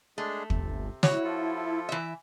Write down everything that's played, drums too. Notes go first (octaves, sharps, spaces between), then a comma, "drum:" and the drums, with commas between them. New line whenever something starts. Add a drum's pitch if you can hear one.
G#3 A3 D4 G#4
G1 C3, drum: kick
E4 F#4 C#5, drum: snare
F3 F4 A4
E3 E5